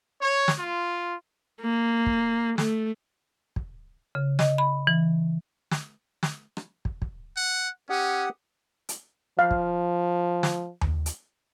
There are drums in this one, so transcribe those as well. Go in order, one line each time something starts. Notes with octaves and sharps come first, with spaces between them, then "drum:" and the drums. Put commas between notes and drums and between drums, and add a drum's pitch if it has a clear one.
C#5
drum: snare
F4
A#3
drum: kick
A3, drum: snare
drum: kick
C#3
D#5, drum: snare
B5
E3
drum: snare
drum: snare
drum: rim click
drum: kick
drum: kick
F#5
C#4 G4 F#5 D#6
drum: hi-hat
F3 F5
drum: kick
drum: snare
drum: tom D#2
drum: hi-hat